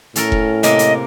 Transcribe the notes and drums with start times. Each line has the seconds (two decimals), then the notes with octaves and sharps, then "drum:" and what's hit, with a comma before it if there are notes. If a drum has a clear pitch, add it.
0.16 A2 C#4 A4 A#4, drum: hi-hat
0.32 drum: kick F1
0.63 C3 A#3 D#5, drum: hi-hat
0.79 drum: hi-hat